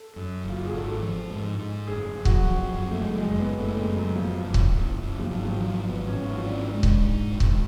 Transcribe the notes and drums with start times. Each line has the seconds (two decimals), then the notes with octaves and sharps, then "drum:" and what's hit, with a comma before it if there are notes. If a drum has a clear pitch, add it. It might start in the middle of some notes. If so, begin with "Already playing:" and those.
Already playing: A4
0.16 F#2
0.44 F#1
0.49 F4
0.57 F#4
0.65 G#4
0.73 G#1 A4
1.02 F3
1.30 G#2
1.59 G#2
1.87 F#1 G#4
2.15 F#2
2.25 F#4, drum: kick C#1
2.44 F3
2.73 F#2
2.91 A3
3.01 F#1 G#3
3.20 G#3
3.30 F#1
3.39 B3
3.58 F#1 A3
3.78 G#3
3.88 F#2
3.97 F#3
4.16 F#1 F3
4.45 F#1
4.54 drum: kick C#1
4.73 F#1
5.02 F#1
5.19 F3
5.30 G#1 F#3
5.45 F3
5.50 F#3
5.60 F3
5.87 G#1 B3
6.07 C#4
6.17 G#1
6.26 F4
6.45 C#4 D4
6.74 G#3
6.83 drum: kick C#1
7.03 G#2
7.31 G#1
7.40 drum: kick C#1